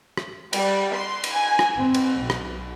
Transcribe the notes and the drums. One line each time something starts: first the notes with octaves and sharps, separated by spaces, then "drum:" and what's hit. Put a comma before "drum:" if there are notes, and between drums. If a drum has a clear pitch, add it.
drum: rim click
G3, drum: cymbal
C6
drum: cymbal
G#5
drum: rim click
C4
drum: cymbal
B1
drum: rim click